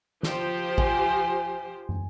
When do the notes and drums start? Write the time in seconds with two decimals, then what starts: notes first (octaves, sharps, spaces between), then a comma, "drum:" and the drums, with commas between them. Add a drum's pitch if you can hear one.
0.23 F3 G4 C5, drum: snare
0.78 G#5, drum: kick A1
1.89 drum: tom